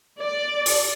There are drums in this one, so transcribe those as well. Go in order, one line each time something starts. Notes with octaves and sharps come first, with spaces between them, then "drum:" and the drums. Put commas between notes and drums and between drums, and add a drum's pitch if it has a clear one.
D5
drum: open hi-hat